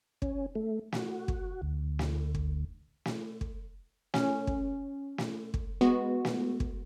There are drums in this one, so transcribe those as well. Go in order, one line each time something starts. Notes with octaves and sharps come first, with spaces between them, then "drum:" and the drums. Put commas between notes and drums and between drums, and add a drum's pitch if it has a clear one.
C#4, drum: kick
A3
F#4, drum: snare
drum: kick
D2
drum: snare
drum: kick
drum: snare
drum: kick
C#4, drum: snare
drum: kick
drum: snare
drum: kick
G#3 B3 F#4
drum: snare
drum: kick